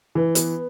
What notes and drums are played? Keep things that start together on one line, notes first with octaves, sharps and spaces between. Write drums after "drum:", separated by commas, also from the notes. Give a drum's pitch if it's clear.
E3
B3, drum: hi-hat